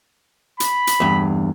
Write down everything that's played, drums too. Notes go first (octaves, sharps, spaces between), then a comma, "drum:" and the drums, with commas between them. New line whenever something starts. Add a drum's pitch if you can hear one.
B5, drum: hi-hat
drum: hi-hat
E2 G2